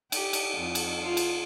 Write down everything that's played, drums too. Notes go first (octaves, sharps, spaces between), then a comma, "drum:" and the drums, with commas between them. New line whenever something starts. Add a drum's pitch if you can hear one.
G4, drum: cymbal
drum: cymbal
F2
drum: cymbal
F4
drum: cymbal